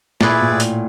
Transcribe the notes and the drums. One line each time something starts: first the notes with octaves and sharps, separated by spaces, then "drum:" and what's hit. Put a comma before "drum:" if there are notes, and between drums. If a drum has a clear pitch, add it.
A#2 E4 G#4 B4 D5, drum: snare
A#2
A2
drum: hi-hat